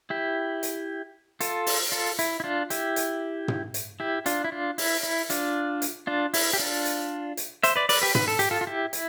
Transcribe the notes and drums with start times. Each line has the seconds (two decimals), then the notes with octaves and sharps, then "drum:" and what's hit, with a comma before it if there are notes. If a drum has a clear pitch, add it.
0.10 E4 G4
0.63 drum: hi-hat
1.40 F4 A4, drum: hi-hat
1.67 drum: open hi-hat
1.92 F4 A4
2.19 E4, drum: hi-hat
2.40 E4
2.44 D4 F4
2.70 E4 G4, drum: hi-hat
2.96 drum: hi-hat
3.48 drum: tom
3.74 drum: hi-hat
4.00 E4 G4
4.26 D4 F4, drum: hi-hat
4.44 E4
4.52 D4 F4
4.78 E4, drum: open hi-hat
5.03 E4
5.30 D4 F4, drum: hi-hat
5.82 drum: hi-hat
6.07 D4 F4
6.34 E4, drum: open hi-hat
6.53 G4
6.59 D4 F4
6.85 drum: hi-hat
7.37 drum: hi-hat
7.63 C5 E5, drum: hi-hat
7.76 B4 D5
7.89 B4 D5, drum: open hi-hat
8.02 G4 B4
8.15 B4, drum: tom
8.28 A4
8.39 G4, drum: hi-hat
8.51 F4 A4
8.61 F4
8.67 E4 G4
8.93 E4, drum: hi-hat